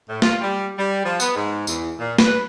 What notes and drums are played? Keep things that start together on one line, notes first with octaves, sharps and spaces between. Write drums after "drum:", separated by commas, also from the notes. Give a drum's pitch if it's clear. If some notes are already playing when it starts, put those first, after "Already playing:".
A2
F4, drum: snare
G3
G3
F3
B3, drum: tambourine
G#2
E2, drum: tambourine
A#2
B4, drum: snare